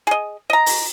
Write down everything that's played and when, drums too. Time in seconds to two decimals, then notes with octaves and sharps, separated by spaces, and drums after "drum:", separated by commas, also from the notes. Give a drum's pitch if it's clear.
0.07 G#4 D#5
0.50 D#5 A#5
0.66 drum: open hi-hat